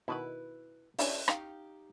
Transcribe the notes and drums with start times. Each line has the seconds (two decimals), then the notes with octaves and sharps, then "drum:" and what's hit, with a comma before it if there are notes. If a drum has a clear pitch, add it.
0.08 B2 D#3 B3 E4 B4 B5
0.99 C#4 D4 E4 G4 C#5, drum: open hi-hat
1.28 D#4 G4 F5, drum: rim click